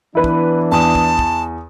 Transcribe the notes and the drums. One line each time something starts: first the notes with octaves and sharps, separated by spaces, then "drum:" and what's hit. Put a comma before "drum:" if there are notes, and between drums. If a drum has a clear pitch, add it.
E3 B3 D4 E4 B4
drum: kick
E2 A5 D#6
drum: kick
drum: kick